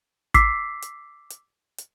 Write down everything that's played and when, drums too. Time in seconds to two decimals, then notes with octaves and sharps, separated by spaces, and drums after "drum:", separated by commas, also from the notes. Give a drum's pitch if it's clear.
0.34 D6 E6 B6 C7, drum: kick, hi-hat
0.82 drum: hi-hat
1.30 drum: hi-hat
1.78 drum: hi-hat